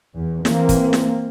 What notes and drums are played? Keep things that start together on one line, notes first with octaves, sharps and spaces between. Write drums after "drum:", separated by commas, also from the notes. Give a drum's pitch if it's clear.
E2
E3 A#3 C4, drum: snare
drum: kick, hi-hat
drum: snare